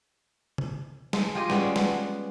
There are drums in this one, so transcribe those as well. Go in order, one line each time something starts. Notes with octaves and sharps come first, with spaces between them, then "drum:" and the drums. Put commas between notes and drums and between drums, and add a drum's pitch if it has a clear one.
drum: tom
G#3, drum: snare
F4 G4 G#4 D#5
G3 G#3 B3 C#4, drum: snare
B3, drum: snare